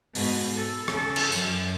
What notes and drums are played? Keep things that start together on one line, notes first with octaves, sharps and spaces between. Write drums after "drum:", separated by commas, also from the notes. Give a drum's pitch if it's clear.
G#2 B2, drum: open hi-hat
A4
C#3 A4, drum: rim click
drum: cymbal
F#2, drum: tambourine